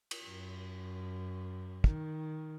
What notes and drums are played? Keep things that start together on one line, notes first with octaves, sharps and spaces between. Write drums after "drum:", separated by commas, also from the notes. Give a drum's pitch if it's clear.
drum: cymbal
F#2
D#3, drum: kick